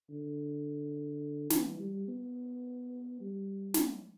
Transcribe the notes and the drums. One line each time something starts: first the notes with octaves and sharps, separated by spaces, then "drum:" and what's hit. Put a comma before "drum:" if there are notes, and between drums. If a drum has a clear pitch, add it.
D3
E3, drum: snare
G3
B3
G3
drum: snare